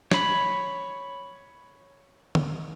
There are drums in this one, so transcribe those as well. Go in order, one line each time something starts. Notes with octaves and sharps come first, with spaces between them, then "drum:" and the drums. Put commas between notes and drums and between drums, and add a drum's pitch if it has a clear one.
C#5 B5, drum: snare
drum: tom D3